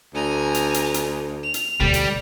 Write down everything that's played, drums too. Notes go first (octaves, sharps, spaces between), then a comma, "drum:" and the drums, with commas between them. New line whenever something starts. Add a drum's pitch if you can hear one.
D2 G#5 A#5
drum: hi-hat
drum: hi-hat
drum: hi-hat
F7
drum: hi-hat
D2 B2 G3
drum: hi-hat